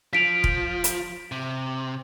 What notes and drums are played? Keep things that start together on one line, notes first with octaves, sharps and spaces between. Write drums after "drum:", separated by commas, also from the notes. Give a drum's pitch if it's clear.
F3 B6 D7 F7
drum: kick E1
drum: hi-hat
C3